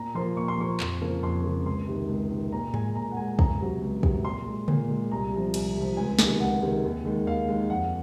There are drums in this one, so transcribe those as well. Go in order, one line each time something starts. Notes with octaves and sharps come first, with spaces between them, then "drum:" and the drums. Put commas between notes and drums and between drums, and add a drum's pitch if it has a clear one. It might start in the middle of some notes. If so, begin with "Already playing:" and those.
Already playing: A#2 A#5
F3 A#3 C6
A#2 C#6
C6
F3 A#3 C#6
F2, drum: clap
C#3 F3 A#3
F2 C6
C#3 F3 A#3
C#2 C6
C3 D#3
C#2
C3 D#3
A#2 A#5
G#3 G#5, drum: tom G#2
A#2 A#5
F#5
G#3 G#5
C#2 A#5, drum: kick
C3 F#3
C#2
C3 F#3, drum: kick
A#2 C6
G#3
A#2, drum: tom C#3
G#3
C2 A#5
C3 F3
C2, drum: cymbal
C3 F3
C#2 G#5
C3 D#3 G#3, drum: snare
C#2 F#5
C3 D#3 G#3
D#2
D#3 G#3
D#2 F5
D#3 G#3
F2 F#5